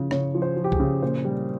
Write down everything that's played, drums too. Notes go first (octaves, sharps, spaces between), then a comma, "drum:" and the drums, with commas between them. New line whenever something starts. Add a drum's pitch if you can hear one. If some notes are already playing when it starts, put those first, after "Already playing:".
Already playing: C#3 F3
C#3 C#5, drum: rim click
F3
C5
F3
G4
G#4, drum: kick C2
C#3
A#2 C5
G3